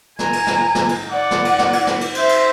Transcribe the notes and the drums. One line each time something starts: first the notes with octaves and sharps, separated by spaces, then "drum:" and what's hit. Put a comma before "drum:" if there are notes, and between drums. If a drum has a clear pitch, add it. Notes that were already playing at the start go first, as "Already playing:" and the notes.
G#5 A#5, drum: snare
drum: cymbal
drum: snare
drum: snare
drum: cymbal
D5 F#5
drum: snare
drum: cymbal
drum: snare
drum: cymbal
drum: snare
drum: cymbal
C5 E5, drum: cymbal
drum: cymbal